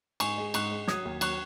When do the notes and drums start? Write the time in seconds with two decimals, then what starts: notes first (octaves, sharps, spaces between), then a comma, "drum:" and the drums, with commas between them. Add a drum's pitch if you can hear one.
0.20 G#2 G#5 C#6, drum: cymbal
0.38 G#3
0.54 G#2 C#6 F#6, drum: cymbal
0.71 G#3
0.88 F#3 D#6 G#6, drum: snare
1.05 D#2
1.21 F#3 C#6 F#6, drum: cymbal